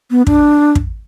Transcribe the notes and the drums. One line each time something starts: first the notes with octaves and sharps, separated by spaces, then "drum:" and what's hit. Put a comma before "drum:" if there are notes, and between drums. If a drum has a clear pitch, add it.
B3
D4, drum: kick
drum: kick